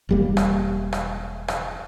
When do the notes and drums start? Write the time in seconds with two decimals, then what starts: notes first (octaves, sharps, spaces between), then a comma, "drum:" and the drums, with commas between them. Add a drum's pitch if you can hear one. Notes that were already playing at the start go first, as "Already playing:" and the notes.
0.09 E1 G3 A#3
0.37 drum: rim click
0.93 drum: rim click
1.48 drum: rim click